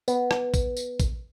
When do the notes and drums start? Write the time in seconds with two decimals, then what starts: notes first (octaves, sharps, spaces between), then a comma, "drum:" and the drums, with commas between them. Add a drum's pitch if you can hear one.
0.08 B3, drum: tambourine
0.31 drum: rim click
0.54 drum: kick, tambourine
0.77 drum: tambourine
1.00 drum: kick, tambourine